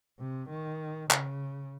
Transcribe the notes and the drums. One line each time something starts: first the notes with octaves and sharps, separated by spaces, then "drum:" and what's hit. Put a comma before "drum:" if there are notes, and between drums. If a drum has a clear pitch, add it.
C3
D#3
C#3, drum: clap